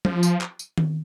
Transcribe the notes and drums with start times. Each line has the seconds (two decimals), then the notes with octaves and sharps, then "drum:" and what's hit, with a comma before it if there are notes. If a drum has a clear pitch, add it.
0.05 F3, drum: tom F3
0.23 drum: tambourine
0.41 drum: clap
0.59 drum: tambourine
0.78 drum: tom D#3